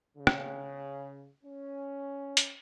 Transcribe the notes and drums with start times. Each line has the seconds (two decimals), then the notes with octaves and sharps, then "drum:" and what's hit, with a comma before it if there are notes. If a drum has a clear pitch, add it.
0.18 C#3
0.27 drum: rim click
1.44 C#4
2.37 drum: hi-hat